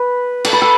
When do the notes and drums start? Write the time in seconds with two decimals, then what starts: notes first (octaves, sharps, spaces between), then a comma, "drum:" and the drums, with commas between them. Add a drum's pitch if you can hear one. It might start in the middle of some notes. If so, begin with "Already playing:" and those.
Already playing: B4
0.45 A4, drum: cymbal
0.53 B4
0.62 A4